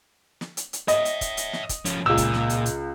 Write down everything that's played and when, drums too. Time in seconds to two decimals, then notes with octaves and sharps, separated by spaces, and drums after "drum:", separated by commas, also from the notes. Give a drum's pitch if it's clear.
0.41 drum: snare
0.57 drum: hi-hat
0.73 drum: hi-hat
0.88 C#5 D#5 E5, drum: hi-hat
1.05 drum: hi-hat
1.21 drum: kick, hi-hat
1.37 drum: hi-hat
1.53 drum: snare
1.69 drum: kick, hi-hat
1.85 F3 C#4, drum: hi-hat
2.06 C#2 A#2 E6
2.17 drum: kick, hi-hat
2.34 drum: snare
2.50 drum: hi-hat
2.66 drum: hi-hat